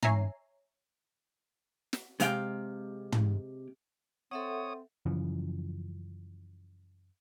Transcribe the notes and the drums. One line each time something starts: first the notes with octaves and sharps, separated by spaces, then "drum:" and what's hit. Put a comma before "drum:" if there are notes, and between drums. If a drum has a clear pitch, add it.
C#5 E5 G#5 A#5 C7, drum: tom
drum: snare
C3 G#3 F5 G5, drum: hi-hat
drum: tom
C4 A4 C#5 E5 F#5 D#6
F#2 C#3 E3 F3